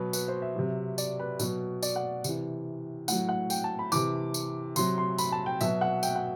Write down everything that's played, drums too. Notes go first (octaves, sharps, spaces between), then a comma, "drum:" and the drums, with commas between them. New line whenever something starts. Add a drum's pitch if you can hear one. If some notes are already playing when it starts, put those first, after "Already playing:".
Already playing: B2 F#3 B4
B4, drum: tambourine
C5
E5
C3 F#3
D5, drum: tambourine
B4
B2 F#3, drum: tambourine
D5, drum: tambourine
F#5
C3 E3, drum: tambourine
A2 F#3 F#5, drum: tambourine
F#5
G5, drum: tambourine
A5
B5
C3 E3 D6, drum: tambourine
drum: tambourine
C3 F#3 C6, drum: tambourine
C6
B5, drum: tambourine
A5
G5
B2 F#3 E5, drum: tambourine
F#5
G5, drum: tambourine
F#5